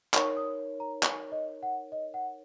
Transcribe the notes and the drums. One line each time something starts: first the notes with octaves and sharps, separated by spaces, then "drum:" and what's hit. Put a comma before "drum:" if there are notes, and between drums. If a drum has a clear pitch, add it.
D#4 A#4 C#5 C#6, drum: clap
D#6
A#5
G#5, drum: clap
D#5
F#5
D#5
F#5